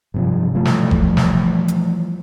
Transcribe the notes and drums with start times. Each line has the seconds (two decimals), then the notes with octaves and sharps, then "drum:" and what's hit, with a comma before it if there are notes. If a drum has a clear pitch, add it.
0.14 G2 C3 F3
0.55 E3 F3 G3 A3
0.65 drum: snare
0.91 drum: kick F#1
1.17 drum: snare
1.68 drum: hi-hat